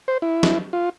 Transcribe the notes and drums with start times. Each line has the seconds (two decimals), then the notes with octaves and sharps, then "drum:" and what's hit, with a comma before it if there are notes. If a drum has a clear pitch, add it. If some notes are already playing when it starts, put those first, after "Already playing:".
0.08 C5
0.22 E4
0.43 drum: snare
0.73 F4